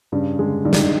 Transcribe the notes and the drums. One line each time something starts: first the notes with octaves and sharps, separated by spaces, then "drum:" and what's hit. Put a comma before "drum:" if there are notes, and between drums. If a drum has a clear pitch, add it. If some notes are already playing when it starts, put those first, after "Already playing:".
G2 C#3
D3 G#3
G2 D#3
D3, drum: snare
D#3